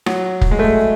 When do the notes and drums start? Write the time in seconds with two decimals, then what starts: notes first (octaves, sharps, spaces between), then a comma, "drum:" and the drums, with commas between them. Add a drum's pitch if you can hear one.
0.06 F#3, drum: rim click
0.41 drum: kick
0.51 G#3
0.59 A3